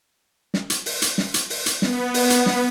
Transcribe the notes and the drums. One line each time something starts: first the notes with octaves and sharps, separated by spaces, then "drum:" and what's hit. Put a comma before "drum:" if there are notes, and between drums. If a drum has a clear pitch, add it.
drum: snare
drum: hi-hat
drum: open hi-hat
drum: hi-hat
drum: snare
drum: hi-hat
drum: open hi-hat
drum: hi-hat
B3, drum: snare
drum: open hi-hat
drum: hi-hat
drum: snare